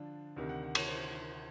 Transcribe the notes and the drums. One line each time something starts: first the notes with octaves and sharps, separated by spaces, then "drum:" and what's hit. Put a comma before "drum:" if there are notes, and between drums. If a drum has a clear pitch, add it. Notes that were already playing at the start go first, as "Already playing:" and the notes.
Already playing: D3 F3 D4 F4
D2 C3 D#3
F#5
F#5
C#5, drum: cymbal
C5